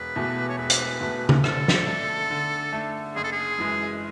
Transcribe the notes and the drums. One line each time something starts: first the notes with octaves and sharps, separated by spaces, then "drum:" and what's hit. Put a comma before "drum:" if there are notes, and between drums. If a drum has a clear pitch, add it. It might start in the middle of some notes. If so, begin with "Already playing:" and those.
Already playing: E1 B4
E2 B2 A3
C#5
E1 B4
drum: hi-hat
E2 B2 A3
drum: tom C#3
D3 A4, drum: rim click
drum: snare
A3 D4
D3
A3 D4
F#1 G#4
A4
G#4
F#2 E3 G#3